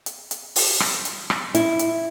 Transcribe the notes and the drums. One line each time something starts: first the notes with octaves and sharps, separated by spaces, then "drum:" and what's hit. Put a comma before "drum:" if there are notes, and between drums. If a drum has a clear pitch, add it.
drum: hi-hat
drum: hi-hat
drum: open hi-hat
drum: rim click
drum: hi-hat
drum: rim click
E4, drum: hi-hat
drum: hi-hat